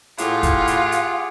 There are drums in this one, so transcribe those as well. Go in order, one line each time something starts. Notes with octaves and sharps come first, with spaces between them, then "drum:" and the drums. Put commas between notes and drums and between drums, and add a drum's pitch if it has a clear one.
A2 F4 G4 G#4 F#5, drum: hi-hat
drum: kick, hi-hat
drum: hi-hat
drum: hi-hat